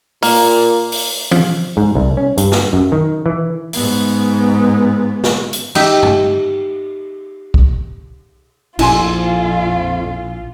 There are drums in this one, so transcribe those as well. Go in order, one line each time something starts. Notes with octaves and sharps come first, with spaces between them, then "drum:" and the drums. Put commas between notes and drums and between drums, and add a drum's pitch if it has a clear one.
A#2 A#3, drum: open hi-hat
drum: open hi-hat
F3, drum: tom E3
G#2
C2
C#4
G2, drum: hi-hat
drum: snare
F#2
D#3
E3
G#2 B3, drum: open hi-hat
drum: snare
drum: hi-hat
D#4 G4 E5, drum: cymbal
drum: tom G2
drum: kick
A#1 F2 E4 F4 G#5 C6, drum: cymbal